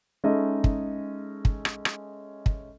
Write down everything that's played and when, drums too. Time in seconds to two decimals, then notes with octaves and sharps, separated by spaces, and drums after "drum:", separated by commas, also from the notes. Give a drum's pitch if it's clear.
0.24 G#3 C#4 D#4 A4 D#5 E5
0.64 drum: kick
1.45 drum: kick
1.65 drum: rim click
1.85 drum: rim click
2.46 drum: kick